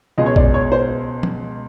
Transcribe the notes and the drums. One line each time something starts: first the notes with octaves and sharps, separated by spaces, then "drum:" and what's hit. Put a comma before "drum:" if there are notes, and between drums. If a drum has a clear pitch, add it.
C#2 B2 G#3 D#5
C#5
D5, drum: kick A#1
C#5
C5
drum: tom